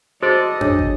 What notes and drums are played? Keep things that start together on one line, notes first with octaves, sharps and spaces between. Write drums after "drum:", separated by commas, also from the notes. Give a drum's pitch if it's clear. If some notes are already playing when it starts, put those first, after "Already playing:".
F#4 G#4 A4 C5 D5 D#5
D4 G#4 C#5, drum: tom F2
drum: kick